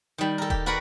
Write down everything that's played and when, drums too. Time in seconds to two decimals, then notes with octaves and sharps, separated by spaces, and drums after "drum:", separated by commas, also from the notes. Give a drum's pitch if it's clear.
0.18 D#3 G3
0.38 A4 A#4
0.50 G4, drum: kick D#1
0.66 F#4 A#4 B4 D5 F#5